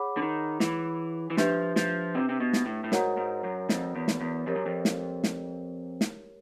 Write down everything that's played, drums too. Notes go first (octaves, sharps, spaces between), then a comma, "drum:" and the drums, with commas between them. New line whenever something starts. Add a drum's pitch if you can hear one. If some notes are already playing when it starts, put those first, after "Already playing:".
Already playing: G#4 C#5 F#5 B5 D6
D3
D#3
E3, drum: snare
E3
F3 D4 G4 B4 E5, drum: snare
F3, drum: snare
C3
C3
B2
drum: snare
A2
A2
G#2 F#4 A#4 C#5 F#5 A#5, drum: snare
G#2
F#2
F2, drum: snare
E2
drum: snare
E2
F2 G4 A#4 C#5
F#2
F2
drum: snare
drum: snare
drum: snare